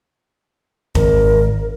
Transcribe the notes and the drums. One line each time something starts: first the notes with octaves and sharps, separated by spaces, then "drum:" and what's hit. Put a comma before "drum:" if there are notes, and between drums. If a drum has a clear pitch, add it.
G#1 A#4, drum: kick